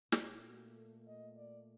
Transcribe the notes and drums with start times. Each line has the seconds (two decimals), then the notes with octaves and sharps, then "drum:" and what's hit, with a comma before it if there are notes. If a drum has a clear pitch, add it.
0.12 A#2 A3 D#4, drum: snare
0.44 F#4
0.74 A4
1.06 D#5
1.36 D5